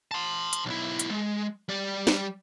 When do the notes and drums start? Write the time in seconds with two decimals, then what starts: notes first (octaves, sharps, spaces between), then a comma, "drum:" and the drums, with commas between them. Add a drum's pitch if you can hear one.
0.11 A5 C6
0.53 drum: hi-hat
0.66 B1 E4
0.99 drum: hi-hat
1.11 G#3
1.69 G3 D5
2.07 drum: snare